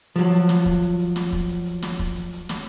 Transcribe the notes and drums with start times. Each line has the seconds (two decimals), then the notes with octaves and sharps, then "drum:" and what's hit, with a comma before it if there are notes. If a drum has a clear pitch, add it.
0.16 F3 F#3, drum: hi-hat
0.32 drum: hi-hat
0.49 drum: snare
0.66 drum: kick, hi-hat
0.82 drum: hi-hat
0.99 drum: hi-hat
1.16 drum: snare
1.32 drum: kick, hi-hat
1.49 drum: hi-hat
1.66 drum: hi-hat
1.82 drum: snare
1.99 drum: kick, hi-hat
2.16 drum: hi-hat
2.33 drum: hi-hat
2.49 drum: snare